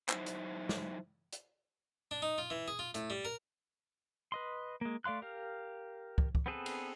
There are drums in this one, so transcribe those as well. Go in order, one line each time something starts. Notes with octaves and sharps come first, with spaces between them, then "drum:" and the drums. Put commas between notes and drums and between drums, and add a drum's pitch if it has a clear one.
F#3 D#4 E4 C5, drum: clap
drum: hi-hat
drum: snare
drum: hi-hat
D4
D#4
F4
E3
G#4
F4
A2, drum: hi-hat
G3
A#4
B4 D#5 C6
G#3 A#3
A3 D5 F5 C6 F#6
G4 A#4 F5
drum: kick
drum: kick
B3 C4 G#4 A4 B4
drum: cymbal